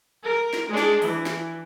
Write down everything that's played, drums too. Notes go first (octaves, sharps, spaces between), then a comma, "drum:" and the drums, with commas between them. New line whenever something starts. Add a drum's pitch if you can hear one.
A#4
drum: snare
G#3 D4
drum: snare
E3, drum: open hi-hat
drum: snare